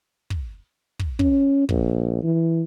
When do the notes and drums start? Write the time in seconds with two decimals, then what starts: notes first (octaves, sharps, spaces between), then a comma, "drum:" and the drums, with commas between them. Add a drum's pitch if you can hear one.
0.30 drum: kick
0.99 drum: kick
1.19 C#4, drum: kick
1.69 A#1, drum: kick
2.23 E3